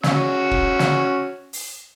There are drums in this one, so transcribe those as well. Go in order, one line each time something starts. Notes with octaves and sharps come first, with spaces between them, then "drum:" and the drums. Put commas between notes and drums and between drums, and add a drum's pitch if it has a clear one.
C#4 F#4 E6, drum: snare
drum: kick
drum: snare
drum: open hi-hat